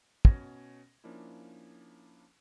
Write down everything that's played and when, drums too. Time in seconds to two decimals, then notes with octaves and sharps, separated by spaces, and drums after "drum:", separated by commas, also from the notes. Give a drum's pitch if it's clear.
0.25 B2 C#4 G#6 A#6, drum: kick
1.04 F3 A#3 C#4 D4 E4